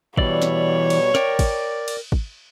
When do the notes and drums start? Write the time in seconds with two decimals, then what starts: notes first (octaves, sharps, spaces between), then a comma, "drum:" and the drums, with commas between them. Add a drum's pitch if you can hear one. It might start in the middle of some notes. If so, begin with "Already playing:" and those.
0.17 B2 E3 G3 C#5 D5, drum: kick
0.42 drum: snare
0.90 drum: cymbal
1.15 A#4 D5 G5, drum: snare
1.39 drum: kick, cymbal
1.88 drum: cymbal
2.12 drum: kick